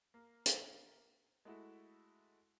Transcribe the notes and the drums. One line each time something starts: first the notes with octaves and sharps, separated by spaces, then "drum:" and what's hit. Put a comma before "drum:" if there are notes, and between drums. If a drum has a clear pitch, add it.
A#3
drum: hi-hat
G#3 A3 E4 F#4